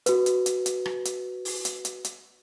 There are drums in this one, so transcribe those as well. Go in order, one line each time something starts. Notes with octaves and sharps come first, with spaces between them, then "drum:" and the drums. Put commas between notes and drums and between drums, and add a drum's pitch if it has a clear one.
F#4 B4, drum: hi-hat
drum: hi-hat
drum: hi-hat
drum: hi-hat
drum: rim click
drum: hi-hat
drum: open hi-hat
drum: hi-hat
drum: hi-hat
drum: hi-hat